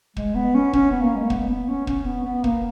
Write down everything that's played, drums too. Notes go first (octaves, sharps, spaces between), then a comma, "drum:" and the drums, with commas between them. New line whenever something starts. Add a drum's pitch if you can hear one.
G#3, drum: kick
B3
C#4
C#4, drum: kick
B3
A#3
G#3
A#3
B3, drum: kick
B3
C#4
C#4, drum: kick
B3
B3
A#3, drum: kick